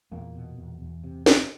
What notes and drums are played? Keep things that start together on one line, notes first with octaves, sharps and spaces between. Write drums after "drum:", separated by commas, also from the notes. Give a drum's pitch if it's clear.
E2 A#2 A#3
B2
E2
E2
C3
C3, drum: snare